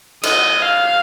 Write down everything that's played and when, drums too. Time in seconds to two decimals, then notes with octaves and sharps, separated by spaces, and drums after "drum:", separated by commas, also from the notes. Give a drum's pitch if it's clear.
0.23 D#5, drum: cymbal
0.63 F5